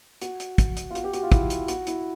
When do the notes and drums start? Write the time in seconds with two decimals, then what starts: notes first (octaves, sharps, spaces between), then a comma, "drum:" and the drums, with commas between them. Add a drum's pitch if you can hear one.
0.21 F#4, drum: hi-hat
0.40 drum: hi-hat
0.58 drum: kick, hi-hat
0.77 drum: hi-hat
0.90 F4
0.95 F#4, drum: hi-hat
1.04 G4
1.13 F#4, drum: hi-hat
1.23 F4
1.32 E4, drum: kick, hi-hat
1.50 drum: hi-hat
1.68 F#4, drum: hi-hat
1.87 E4, drum: hi-hat